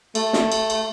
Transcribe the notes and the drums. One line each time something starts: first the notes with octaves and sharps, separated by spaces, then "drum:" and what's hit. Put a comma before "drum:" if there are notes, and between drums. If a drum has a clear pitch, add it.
A3, drum: cymbal
drum: snare
drum: cymbal
drum: cymbal